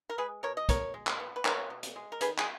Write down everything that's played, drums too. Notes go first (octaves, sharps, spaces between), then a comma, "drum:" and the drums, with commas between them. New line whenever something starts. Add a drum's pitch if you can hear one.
A#4
G#3 G#4 B4
B2 A#4 C#5
D#5
B2 A#4 C#5, drum: kick, hi-hat
G#3
drum: clap
B3
B4
B2 A#4 C#5, drum: clap
B2
drum: hi-hat
G#3
A#4
D#3 G#4 B4, drum: hi-hat
G#4, drum: clap